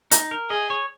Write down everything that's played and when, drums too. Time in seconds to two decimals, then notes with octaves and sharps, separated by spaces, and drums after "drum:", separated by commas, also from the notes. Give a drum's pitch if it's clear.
0.11 D#4, drum: hi-hat
0.31 A#4
0.50 G#4 D#5
0.70 C#5